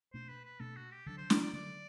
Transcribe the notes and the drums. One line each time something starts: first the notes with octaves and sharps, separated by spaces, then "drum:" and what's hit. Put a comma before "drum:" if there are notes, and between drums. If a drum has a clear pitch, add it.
B2 A3 D4 C5
B4
B4
B2 A3 D4 A4
F#4
G4
D3 F#3 A3 D4 A4
C5
D5, drum: snare
D5
D3 F#3 A3 D4 D5